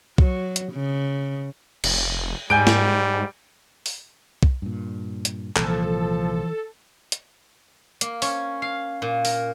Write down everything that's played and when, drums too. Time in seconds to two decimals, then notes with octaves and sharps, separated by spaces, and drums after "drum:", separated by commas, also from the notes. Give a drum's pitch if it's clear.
0.18 F#3, drum: kick B1
0.56 drum: hi-hat
0.72 C#3
1.84 F1, drum: cymbal
2.50 G#2 G3 G#5 G6 D7
2.67 drum: snare
3.86 drum: open hi-hat
4.43 drum: kick B1
4.62 G2 A#2
5.25 drum: hi-hat
5.56 C2 A#2 E3 F3 A4, drum: clap
7.12 drum: hi-hat
8.01 A#3, drum: hi-hat
8.22 C#4, drum: open hi-hat
8.62 F5
9.02 A#2
9.25 A#4, drum: open hi-hat